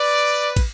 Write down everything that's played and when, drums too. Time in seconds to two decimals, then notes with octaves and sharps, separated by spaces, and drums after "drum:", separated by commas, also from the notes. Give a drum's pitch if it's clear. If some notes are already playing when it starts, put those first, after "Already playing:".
Already playing: B4 D5
0.56 drum: kick, cymbal